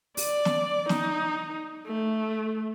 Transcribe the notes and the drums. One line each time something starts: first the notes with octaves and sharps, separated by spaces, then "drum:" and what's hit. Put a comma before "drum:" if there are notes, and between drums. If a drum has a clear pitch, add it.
D5, drum: open hi-hat
drum: snare
D#4, drum: snare
A3